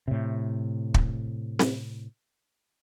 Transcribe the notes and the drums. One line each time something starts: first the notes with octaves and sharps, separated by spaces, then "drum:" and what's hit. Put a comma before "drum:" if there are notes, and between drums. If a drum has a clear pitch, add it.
A2 C3
drum: kick
drum: snare C4